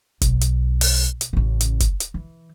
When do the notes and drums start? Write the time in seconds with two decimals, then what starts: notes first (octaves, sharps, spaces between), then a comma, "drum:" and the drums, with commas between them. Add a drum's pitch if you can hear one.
0.21 B1, drum: kick F#1, hi-hat
0.41 drum: hi-hat
0.81 drum: open hi-hat
1.21 drum: hi-hat
1.33 A1 C#3
1.61 drum: hi-hat
1.80 drum: kick F#1, hi-hat
2.00 drum: hi-hat
2.14 E3